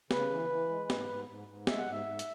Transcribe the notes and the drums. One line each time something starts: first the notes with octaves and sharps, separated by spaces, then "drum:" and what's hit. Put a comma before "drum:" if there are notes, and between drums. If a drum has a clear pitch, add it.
C#3 B4, drum: snare
E3
E3
G#3
G#2, drum: snare
G#2
G#2
G#2
G#3 E5, drum: snare
F#5
G#2 E5
G#2
drum: hi-hat